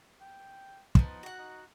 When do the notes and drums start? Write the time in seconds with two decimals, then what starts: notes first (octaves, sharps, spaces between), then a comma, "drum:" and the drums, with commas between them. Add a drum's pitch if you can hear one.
0.21 G5
0.95 D3 F3 B3 D#4, drum: kick
1.23 F#4 F#5
1.38 D#4